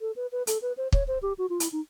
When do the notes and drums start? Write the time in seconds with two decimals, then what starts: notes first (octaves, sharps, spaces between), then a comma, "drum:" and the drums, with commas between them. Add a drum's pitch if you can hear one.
0.01 A4
0.16 B4
0.32 B4
0.47 A4, drum: hi-hat
0.62 B4
0.77 C5
0.92 C#5, drum: kick
1.08 C5
1.22 G4
1.38 F#4
1.50 F4
1.60 E4, drum: hi-hat
1.72 D#4